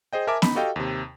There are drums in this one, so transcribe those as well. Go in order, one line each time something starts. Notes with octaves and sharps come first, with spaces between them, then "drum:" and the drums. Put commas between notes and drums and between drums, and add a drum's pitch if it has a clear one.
G#4 C5 D#5 G5
A#4 E5 G#5 A5 D6
D#4 B5, drum: snare B3
F#4 G4 A4 D#5 F5 G5
D#2 C3